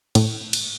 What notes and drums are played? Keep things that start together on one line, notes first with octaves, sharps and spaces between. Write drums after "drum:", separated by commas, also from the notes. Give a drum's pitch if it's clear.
A2, drum: cymbal
drum: cymbal